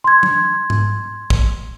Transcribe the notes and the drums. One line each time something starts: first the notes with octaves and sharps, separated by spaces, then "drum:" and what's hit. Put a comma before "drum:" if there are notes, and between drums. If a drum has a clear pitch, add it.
C6 G#6
drum: tom
drum: tom G#2
drum: kick